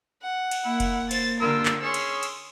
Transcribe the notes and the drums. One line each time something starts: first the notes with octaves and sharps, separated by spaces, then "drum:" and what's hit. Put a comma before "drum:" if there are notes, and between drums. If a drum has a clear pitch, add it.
F#5
drum: cymbal
A#3 E4
drum: kick F1, cymbal
C5 A6, drum: cymbal
D3 G3 F4 A#4 E6
drum: clap
C#4 G#4 C#5 C6 E6
drum: cymbal
D#6
drum: cymbal